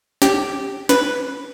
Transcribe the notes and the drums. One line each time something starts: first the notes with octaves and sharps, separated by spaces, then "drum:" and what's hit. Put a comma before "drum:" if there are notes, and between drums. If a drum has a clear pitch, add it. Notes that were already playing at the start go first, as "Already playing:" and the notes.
G4, drum: snare
B4, drum: snare